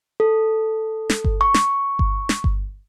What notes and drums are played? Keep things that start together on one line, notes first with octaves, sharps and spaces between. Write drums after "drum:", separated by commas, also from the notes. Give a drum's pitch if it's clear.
A4
drum: snare
drum: kick G1
C#6
drum: snare
drum: kick G1
drum: snare
drum: kick G1